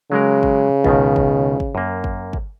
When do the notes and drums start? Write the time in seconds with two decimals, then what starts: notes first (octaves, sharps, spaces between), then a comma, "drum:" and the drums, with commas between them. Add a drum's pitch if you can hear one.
0.12 C#3 F#3 G#3 A#4
0.43 drum: kick
0.84 C#2 B2 D#3, drum: kick
1.16 drum: kick
1.60 drum: kick
1.75 F#2 A#3
2.04 drum: kick
2.33 drum: kick